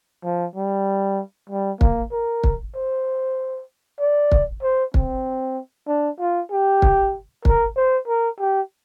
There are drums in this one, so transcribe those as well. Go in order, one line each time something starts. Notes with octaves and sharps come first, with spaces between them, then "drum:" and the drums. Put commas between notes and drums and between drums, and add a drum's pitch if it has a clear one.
F3
G3
G3
A#3, drum: kick
A#4
drum: kick
C5
D5
drum: kick
C5
C4, drum: kick
D4
F4
G4
drum: kick
A#4, drum: kick
C5
A#4
G4